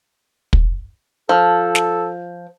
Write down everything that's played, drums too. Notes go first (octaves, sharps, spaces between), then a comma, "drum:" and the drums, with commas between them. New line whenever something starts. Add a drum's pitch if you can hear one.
drum: kick
F3 A4
drum: snare